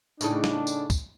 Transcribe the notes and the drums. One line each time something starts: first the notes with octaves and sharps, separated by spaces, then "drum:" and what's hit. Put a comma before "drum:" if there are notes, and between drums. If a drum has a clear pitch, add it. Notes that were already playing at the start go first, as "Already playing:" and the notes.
A2 C#3 D4 D#4, drum: tambourine
drum: snare
drum: tambourine
drum: kick, tambourine